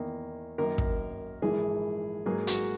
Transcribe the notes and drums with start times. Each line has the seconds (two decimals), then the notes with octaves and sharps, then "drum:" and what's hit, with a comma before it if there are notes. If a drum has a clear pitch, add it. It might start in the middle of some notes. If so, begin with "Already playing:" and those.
Already playing: E2 D#3 A#3
0.58 F#2 D#3 A#3 A#4
0.78 drum: kick
1.42 A#1 G#2 E3 G#3 G#4
2.26 G#2 F#3 A#3 G#4
2.47 F#4, drum: hi-hat